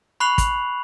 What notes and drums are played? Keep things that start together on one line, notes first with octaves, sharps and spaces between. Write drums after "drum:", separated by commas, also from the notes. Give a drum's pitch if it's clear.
B5 C#6 F#6 C7 F7 F#7
drum: kick, hi-hat